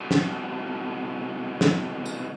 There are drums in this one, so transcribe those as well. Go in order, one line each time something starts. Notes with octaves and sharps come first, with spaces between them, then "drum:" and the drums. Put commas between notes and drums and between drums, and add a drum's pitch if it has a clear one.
C2 B2
drum: snare
drum: snare
drum: tambourine